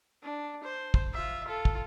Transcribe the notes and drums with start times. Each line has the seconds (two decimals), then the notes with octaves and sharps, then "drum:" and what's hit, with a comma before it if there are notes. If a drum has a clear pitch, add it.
0.23 D4
0.63 C5
0.94 drum: kick
1.13 F4 E5
1.46 F4 A4
1.65 drum: kick